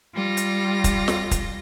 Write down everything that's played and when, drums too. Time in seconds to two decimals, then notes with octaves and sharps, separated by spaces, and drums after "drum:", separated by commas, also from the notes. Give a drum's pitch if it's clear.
0.13 G3 F4 A#6
0.37 drum: hi-hat
0.84 drum: kick, hi-hat
1.08 drum: snare
1.31 drum: kick, hi-hat